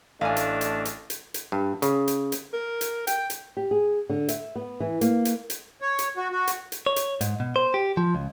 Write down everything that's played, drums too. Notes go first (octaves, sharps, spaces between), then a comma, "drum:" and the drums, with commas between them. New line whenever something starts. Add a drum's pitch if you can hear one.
A1 A3 D4 F5 G#5
drum: hi-hat
drum: hi-hat
drum: hi-hat
drum: hi-hat
drum: hi-hat
G2
C#3, drum: hi-hat
drum: hi-hat
drum: hi-hat
A#4
drum: hi-hat
G5, drum: hi-hat
drum: hi-hat
G4
G#4
D3
E5, drum: hi-hat
B3
E3
A#3, drum: hi-hat
drum: hi-hat
drum: hi-hat
C#5
drum: hi-hat
F#4
F#4
drum: hi-hat
drum: hi-hat
C#5
drum: hi-hat
G#2, drum: hi-hat
B2
C5
G4
F3
C#2